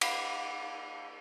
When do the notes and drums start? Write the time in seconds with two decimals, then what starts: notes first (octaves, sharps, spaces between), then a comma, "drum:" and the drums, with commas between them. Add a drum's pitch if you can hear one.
0.01 F5 F#5 B5 D6, drum: cymbal